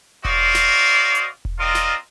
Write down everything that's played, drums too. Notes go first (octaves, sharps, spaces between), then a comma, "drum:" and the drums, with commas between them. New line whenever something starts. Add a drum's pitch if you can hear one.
F#4 C5 D5 D#5 F5, drum: kick E1
drum: snare
drum: hi-hat
drum: kick E1
C4 F4 A#4 D5 D#5
drum: snare